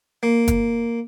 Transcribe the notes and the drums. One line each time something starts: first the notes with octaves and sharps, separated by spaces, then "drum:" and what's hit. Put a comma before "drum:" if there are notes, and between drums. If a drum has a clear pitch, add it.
A#3
drum: kick, hi-hat